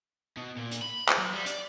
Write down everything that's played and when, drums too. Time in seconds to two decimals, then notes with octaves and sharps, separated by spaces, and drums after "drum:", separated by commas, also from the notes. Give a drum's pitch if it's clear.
0.37 B2
0.57 A#2
0.71 drum: hi-hat
0.82 B5
1.09 drum: clap
1.18 F#3
1.33 G3
1.46 D5, drum: hi-hat